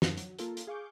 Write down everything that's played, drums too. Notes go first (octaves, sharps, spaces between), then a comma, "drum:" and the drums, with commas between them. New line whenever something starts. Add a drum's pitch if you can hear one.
F#2 D#3 F3, drum: snare
F#3, drum: hi-hat
A#3 F4 A4 A#4, drum: hi-hat
drum: hi-hat
G#4 F5 C#6 D6 G6